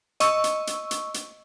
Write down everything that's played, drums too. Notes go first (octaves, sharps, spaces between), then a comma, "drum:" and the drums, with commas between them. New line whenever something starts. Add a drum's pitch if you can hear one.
D#5 C#6 E6, drum: hi-hat
drum: hi-hat
drum: hi-hat
drum: hi-hat
drum: hi-hat